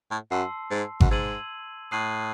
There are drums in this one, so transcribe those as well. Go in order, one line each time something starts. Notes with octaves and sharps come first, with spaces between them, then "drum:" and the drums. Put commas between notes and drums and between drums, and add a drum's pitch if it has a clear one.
A2
F#2 A5 C6 E6 C7
G#2
F#2, drum: kick G#1
G#2 E6 G#6 D#7 F#7
A2 D#6 F#6 C7 D#7 F#7